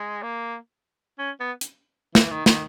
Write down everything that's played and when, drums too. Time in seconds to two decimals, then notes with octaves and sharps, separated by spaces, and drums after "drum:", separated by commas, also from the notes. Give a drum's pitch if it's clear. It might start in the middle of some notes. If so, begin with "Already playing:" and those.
Already playing: G#3
0.22 A#3
1.19 C#4
1.40 B3
1.61 drum: hi-hat
2.15 E3, drum: snare
2.31 D#3
2.46 D#3, drum: snare